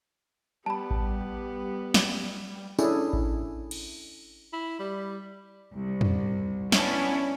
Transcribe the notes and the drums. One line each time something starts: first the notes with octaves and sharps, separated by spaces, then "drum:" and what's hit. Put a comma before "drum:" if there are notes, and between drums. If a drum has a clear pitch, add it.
G3 B3 G4 A5 B5
drum: kick A1
drum: snare
C#4 D4 E4 G#4 A4, drum: tambourine
drum: kick A1
drum: cymbal
E4
G3
C2
drum: tom
B3 C#4 D4 E4, drum: snare